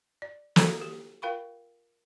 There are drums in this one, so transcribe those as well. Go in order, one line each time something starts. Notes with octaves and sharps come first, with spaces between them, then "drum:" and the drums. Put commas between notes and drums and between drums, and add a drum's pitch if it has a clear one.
D5
F#4 A4 C5, drum: snare
G4
F4 A#4 F5 G5 B5 C#6